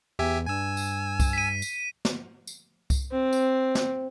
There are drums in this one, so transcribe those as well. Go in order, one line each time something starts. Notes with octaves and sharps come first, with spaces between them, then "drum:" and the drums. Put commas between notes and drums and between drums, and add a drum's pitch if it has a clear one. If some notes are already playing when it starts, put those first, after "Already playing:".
E2 G4 E5 G#5
G2 G#5 E6
drum: tambourine
drum: kick C2, tambourine
B6 D#7
drum: tambourine
drum: snare
drum: tambourine
drum: kick C2, tambourine
C4
drum: tambourine
drum: snare